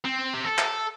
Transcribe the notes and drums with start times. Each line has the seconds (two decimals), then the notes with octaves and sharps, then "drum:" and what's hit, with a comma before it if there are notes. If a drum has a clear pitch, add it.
0.05 C4
0.34 G4
0.45 A4
0.58 drum: clap